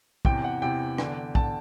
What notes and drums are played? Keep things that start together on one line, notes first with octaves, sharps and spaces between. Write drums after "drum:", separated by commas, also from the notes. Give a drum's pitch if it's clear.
E2 C3 E3 G5, drum: kick
F#5
E2 C3 E3 G5
E2 D3, drum: rim click
E2 D3 A5, drum: kick